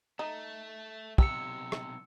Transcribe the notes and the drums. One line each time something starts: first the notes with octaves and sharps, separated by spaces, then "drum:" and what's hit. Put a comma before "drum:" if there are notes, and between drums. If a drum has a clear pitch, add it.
A3 D#4
B1 C3 G4 E6 C#7, drum: kick
drum: rim click